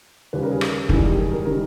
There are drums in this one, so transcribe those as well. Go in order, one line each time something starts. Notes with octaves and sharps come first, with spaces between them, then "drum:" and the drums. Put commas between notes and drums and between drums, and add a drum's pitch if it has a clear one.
D#2 C#3 G3 B4
A#4
G#4
drum: rim click
E1 E2 D#3 G3 G#4, drum: kick
G4
G#4
A#4
D#3 G3 A#4